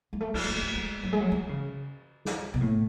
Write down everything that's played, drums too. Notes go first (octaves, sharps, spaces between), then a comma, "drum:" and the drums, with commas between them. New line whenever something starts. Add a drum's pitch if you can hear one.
G#3
A3
G#3, drum: cymbal
A3
A3
G#3
F#3
G#3
F#3
E3
C#3
drum: snare
B2
A2